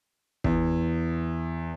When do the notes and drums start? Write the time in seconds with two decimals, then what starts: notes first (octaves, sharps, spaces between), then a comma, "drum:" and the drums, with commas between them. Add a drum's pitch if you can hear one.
0.44 E2, drum: kick